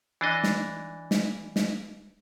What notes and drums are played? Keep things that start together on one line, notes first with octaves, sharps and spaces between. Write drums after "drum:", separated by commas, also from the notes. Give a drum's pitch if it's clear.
E3 D4 D#5
drum: snare
drum: snare
drum: snare